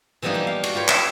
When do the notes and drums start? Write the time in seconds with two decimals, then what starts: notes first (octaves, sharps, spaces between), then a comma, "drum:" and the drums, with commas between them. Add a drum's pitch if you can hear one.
0.22 E3 F3 G3 B3 D4 D#4
0.34 A#3 G4
0.47 F5
0.64 F#4, drum: cymbal
0.75 F4 G4 B4 C#5
0.88 E5, drum: clap